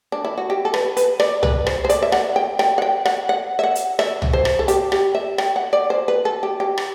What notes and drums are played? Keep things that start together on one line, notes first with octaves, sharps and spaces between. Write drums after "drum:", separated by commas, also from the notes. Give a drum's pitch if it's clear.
D4
E4
F#4
G4
A4
B4, drum: rim click
B4, drum: hi-hat
D5, drum: rim click
B4, drum: tom
C5, drum: rim click
C5
D5, drum: hi-hat
E5
F#5, drum: rim click
G5
G5, drum: rim click
F#5
G5
F#5, drum: rim click
F#5
E5
F#5
drum: hi-hat
E5, drum: rim click
drum: tom
C5
drum: rim click
A4
G4, drum: hi-hat
G4, drum: rim click
E5
G5, drum: rim click
F#5
D5
C5
B4
A4
G4
G4
drum: rim click